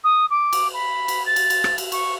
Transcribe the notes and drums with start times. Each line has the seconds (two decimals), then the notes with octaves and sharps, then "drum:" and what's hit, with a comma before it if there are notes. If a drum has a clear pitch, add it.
0.03 D#6
0.30 D6
0.53 drum: cymbal
0.73 B5
1.08 drum: cymbal
1.26 A6
1.36 drum: cymbal
1.50 drum: cymbal
1.64 drum: rim click
1.78 drum: cymbal
1.92 C#6, drum: cymbal